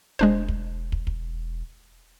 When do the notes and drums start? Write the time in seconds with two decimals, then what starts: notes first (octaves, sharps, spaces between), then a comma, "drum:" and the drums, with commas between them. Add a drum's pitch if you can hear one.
0.19 E1 G#3 D4 C5
0.48 drum: kick
0.92 drum: kick
1.07 drum: kick